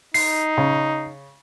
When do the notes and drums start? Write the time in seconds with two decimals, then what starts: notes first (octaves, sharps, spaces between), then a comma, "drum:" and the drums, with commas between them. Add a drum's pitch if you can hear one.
0.14 D#4 C7, drum: open hi-hat
0.58 C#3